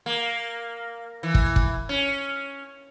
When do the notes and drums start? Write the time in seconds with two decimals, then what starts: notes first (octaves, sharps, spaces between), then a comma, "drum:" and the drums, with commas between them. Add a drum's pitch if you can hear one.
0.06 A#3
1.23 E3
1.34 drum: kick
1.56 drum: kick
1.89 C#4